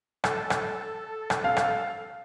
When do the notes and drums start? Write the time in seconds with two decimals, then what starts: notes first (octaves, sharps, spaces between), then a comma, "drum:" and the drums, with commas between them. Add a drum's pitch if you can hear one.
0.24 A4, drum: rim click
0.50 drum: rim click
1.30 drum: rim click
1.44 F5
1.57 drum: rim click